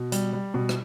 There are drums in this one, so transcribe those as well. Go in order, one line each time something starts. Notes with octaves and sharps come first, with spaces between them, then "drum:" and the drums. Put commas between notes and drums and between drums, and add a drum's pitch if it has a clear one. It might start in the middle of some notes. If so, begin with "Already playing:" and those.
Already playing: B2
G3, drum: hi-hat
G3
B2
drum: rim click